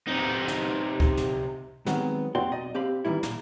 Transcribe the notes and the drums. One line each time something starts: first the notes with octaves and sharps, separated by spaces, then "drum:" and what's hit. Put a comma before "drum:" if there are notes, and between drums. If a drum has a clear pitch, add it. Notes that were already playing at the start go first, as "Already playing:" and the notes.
C3 D#4
drum: snare
drum: kick C#2
drum: snare
D#3 F#3 G#3 B3 C4, drum: snare
F2 C4 F#4 D5 G5 C6
B1 D5 D#5
C4 G4 F5 B5
D#3 E3 G3 E4
A#2, drum: snare